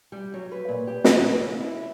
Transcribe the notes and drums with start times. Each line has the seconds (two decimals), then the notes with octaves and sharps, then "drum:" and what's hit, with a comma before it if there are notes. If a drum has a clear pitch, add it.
0.12 G3
0.34 F#3
0.52 B4
0.69 A#2
0.87 G4
1.04 E2, drum: snare
1.20 B3
1.45 C#3
1.60 E4